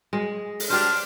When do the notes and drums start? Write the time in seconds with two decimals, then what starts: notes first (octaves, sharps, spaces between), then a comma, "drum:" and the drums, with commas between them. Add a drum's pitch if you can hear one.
0.13 G#3
0.60 drum: open hi-hat
0.70 D4 G4 C5 F6